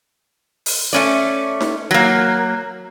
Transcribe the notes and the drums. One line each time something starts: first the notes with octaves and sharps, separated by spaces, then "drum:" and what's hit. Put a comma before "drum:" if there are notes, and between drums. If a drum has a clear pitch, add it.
drum: open hi-hat
A3 C#4 D5
drum: snare D#4
F#3 A#3